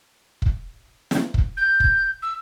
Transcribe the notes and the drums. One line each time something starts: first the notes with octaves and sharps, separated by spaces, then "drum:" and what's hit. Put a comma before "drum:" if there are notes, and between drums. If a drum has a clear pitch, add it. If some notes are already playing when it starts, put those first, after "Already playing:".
drum: kick
drum: snare
drum: kick
G6
drum: kick
E6